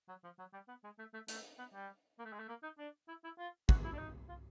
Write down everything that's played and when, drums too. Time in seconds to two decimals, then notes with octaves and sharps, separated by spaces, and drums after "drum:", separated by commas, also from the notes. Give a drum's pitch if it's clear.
0.09 F#3
0.24 F3
0.39 F#3
0.53 G3
0.68 B3
0.84 G#3
0.99 A3
1.13 A3
1.28 A3, drum: hi-hat
1.59 B3
1.73 G3
2.19 A#3
2.25 A3
2.32 G#3
2.39 A3
2.49 A#3
2.63 D#4
2.78 D4
3.08 E4
3.24 E4
3.39 F4
3.69 F#4, drum: kick
3.84 E4
3.93 D4
3.98 D#4
4.29 F4